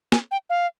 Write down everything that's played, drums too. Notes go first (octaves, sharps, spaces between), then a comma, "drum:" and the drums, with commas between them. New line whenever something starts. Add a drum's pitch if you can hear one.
G#5, drum: snare
G5
F5